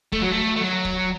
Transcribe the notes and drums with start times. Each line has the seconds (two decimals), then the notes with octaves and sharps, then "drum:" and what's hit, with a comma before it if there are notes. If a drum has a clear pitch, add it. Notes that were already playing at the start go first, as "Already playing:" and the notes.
0.12 A3, drum: kick
0.21 F#3
0.31 A3
0.56 A3
0.61 F#3
0.85 drum: kick